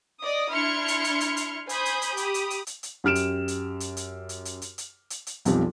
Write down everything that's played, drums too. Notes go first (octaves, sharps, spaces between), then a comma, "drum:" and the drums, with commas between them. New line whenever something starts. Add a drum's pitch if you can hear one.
D5 D#5 D#6
D4 E4 C6 F6 G#6 C#7
drum: hi-hat
drum: hi-hat
drum: hi-hat
drum: hi-hat
C5 G#5 B5 D#6 G6, drum: hi-hat
drum: hi-hat
drum: hi-hat
G4 B5 D#6, drum: hi-hat
drum: hi-hat
drum: hi-hat
drum: hi-hat
drum: hi-hat
F#2 G4 F6 D7 E7
drum: hi-hat
drum: hi-hat
drum: hi-hat
drum: hi-hat
drum: hi-hat
drum: hi-hat
drum: hi-hat
drum: hi-hat
drum: hi-hat
drum: hi-hat
B1 F2 F3 G3, drum: hi-hat